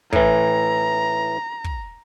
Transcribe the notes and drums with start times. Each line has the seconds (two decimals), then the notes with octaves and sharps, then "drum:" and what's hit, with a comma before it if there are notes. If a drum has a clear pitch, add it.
0.13 A2 E3 A#5, drum: kick
1.64 drum: kick